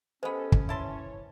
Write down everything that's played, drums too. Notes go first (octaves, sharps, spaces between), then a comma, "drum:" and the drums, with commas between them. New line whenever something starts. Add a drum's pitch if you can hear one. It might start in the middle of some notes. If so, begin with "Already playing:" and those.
G#3 B3 C#4 G4 A4 C5
drum: kick
E3 E4 C#5 A5 C6